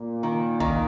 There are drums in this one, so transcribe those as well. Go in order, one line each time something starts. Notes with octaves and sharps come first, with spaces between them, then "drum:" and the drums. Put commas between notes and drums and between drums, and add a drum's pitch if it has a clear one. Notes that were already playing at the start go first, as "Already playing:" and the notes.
Already playing: A#2
D#3
D#3, drum: kick